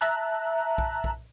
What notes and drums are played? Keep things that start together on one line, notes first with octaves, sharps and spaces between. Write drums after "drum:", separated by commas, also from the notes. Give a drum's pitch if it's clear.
E5 A5 A#5 F#6
drum: kick
drum: kick